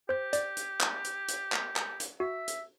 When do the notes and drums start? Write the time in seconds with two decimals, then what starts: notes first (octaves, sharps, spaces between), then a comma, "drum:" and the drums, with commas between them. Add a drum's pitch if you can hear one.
0.09 G4 C5 G6
0.33 D5, drum: hi-hat
0.57 drum: hi-hat
0.81 drum: clap
1.04 drum: hi-hat
1.28 drum: hi-hat
1.52 drum: clap
1.76 drum: clap
2.00 drum: hi-hat
2.20 F#4 E5
2.48 drum: hi-hat